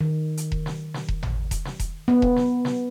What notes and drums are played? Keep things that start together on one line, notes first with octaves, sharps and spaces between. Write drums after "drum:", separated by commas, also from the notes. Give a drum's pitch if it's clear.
D#3
drum: hi-hat
drum: kick E1
drum: snare
drum: snare
drum: kick E1
drum: tom G#1
drum: kick E1, hi-hat
drum: snare
drum: kick E1, hi-hat
B3
drum: kick E1
drum: snare
drum: snare